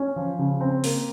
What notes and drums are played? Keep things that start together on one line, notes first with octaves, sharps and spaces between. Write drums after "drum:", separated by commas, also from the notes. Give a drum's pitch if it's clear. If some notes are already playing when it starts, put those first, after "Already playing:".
Already playing: C#4
F3
C#3
C4
A#3, drum: open hi-hat